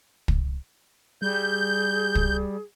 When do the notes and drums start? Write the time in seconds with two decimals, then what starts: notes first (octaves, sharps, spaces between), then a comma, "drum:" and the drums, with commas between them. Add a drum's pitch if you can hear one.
0.28 drum: kick
1.22 G3 G#4 G6
2.15 drum: kick